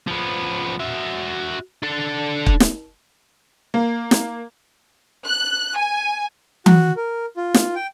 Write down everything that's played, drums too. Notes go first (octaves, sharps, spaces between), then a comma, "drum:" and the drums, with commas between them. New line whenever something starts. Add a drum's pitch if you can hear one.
F3 B3
F#4 E5
D4 A4
drum: kick
drum: snare
A#3
drum: snare
F#6
G#5
F#4, drum: tom E3
A#4
F4
drum: snare
G5